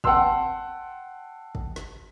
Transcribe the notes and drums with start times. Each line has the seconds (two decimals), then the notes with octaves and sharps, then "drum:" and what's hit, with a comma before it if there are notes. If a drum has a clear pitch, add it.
0.04 F#5 G5 A5 C6 E6, drum: kick
1.55 drum: kick
1.76 drum: snare